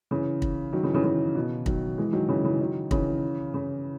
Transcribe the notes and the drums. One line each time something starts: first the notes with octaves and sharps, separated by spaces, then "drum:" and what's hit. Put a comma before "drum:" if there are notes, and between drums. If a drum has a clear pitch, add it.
C#3 E3
drum: kick
D#3 F#3
C#3 E3
C#3 E3
C#3
B2
D#3 F#3, drum: kick
E3 G#3
D#3 F#3
C#3 E3
C#3 E3
D#3 F#3
C#3 E3, drum: kick
C#3